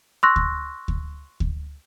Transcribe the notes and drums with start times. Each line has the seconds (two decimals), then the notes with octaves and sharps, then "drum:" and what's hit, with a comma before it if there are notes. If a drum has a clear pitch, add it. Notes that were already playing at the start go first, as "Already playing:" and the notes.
0.23 C6 C#6 E6 F#6 A#6
0.36 drum: kick D2
0.88 drum: kick D2
1.40 drum: kick D2